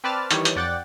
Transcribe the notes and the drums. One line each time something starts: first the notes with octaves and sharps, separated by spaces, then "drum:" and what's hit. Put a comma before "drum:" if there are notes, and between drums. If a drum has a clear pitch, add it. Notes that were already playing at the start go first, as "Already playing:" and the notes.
C4 B4 D5 A5 F6 A6
D#3 E3 G3 C#5, drum: hi-hat
drum: hi-hat
F2 D5 F#5 G5 F#6 A6